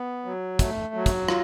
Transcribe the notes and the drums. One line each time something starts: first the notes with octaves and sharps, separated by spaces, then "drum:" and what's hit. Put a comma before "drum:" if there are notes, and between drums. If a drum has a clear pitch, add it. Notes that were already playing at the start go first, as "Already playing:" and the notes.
Already playing: B3
F#3
A3, drum: kick, hi-hat
F#3
drum: kick, hi-hat
F4, drum: rim click